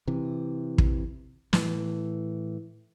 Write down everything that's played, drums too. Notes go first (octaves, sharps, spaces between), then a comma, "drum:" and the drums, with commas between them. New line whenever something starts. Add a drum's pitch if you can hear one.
C3 E3
drum: kick
A2 E3, drum: snare